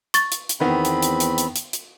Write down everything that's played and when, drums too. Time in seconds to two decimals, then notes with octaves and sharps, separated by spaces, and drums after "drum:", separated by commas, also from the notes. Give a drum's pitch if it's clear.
0.14 C#6 A6, drum: hi-hat
0.32 drum: hi-hat
0.49 drum: hi-hat
0.60 E2 D#3 B3 C4 B5
0.85 drum: hi-hat
1.03 drum: hi-hat
1.20 drum: hi-hat
1.38 drum: hi-hat
1.56 drum: hi-hat
1.73 drum: hi-hat